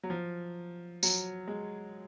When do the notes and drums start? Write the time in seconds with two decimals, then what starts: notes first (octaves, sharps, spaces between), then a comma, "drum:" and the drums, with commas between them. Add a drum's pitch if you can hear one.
0.03 F#3
0.10 F3
1.03 F#3, drum: tambourine
1.48 G#3